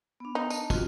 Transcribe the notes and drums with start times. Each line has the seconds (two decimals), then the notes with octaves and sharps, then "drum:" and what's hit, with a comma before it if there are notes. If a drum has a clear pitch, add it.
0.20 B3 D4
0.35 D4 D#4
0.50 D#4 A5, drum: tambourine
0.70 C4 F4 F#4, drum: kick, tambourine